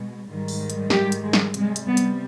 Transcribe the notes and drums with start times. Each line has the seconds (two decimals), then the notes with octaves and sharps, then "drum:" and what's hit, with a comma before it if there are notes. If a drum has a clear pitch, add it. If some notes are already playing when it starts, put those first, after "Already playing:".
Already playing: B2 G#3
0.28 G#2 D#3 G3
0.48 drum: open hi-hat
0.70 drum: hi-hat
0.90 G4, drum: snare
1.12 drum: hi-hat
1.22 G#3
1.33 drum: snare
1.54 C3 G3 G#3, drum: hi-hat
1.76 drum: hi-hat
1.87 B3
1.97 drum: hi-hat